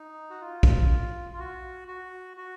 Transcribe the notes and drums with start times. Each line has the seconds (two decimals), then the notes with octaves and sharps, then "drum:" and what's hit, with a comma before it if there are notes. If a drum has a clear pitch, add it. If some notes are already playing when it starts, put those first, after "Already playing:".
Already playing: D#4
0.30 F#4
0.41 F4
0.63 drum: kick
1.33 F4
1.39 F#4
1.88 F#4
2.37 F#4